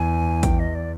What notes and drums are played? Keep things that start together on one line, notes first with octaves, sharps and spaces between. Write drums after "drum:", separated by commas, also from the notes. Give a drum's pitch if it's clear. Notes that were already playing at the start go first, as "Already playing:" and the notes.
Already playing: E2 G#5
G5, drum: kick A1, hi-hat
D#5
D5